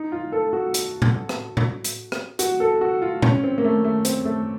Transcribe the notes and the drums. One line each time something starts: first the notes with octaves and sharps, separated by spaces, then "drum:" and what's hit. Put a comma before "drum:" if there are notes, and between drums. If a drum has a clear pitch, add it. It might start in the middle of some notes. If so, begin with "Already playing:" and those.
Already playing: D#4
F4
A4
F#4
drum: hi-hat
drum: tom A2
drum: rim click
drum: tom A2
drum: hi-hat
drum: rim click
F#4, drum: hi-hat
A4
F#4
F4
C#4, drum: tom A2
C4
A#3
A3
A3
C4, drum: hi-hat
A3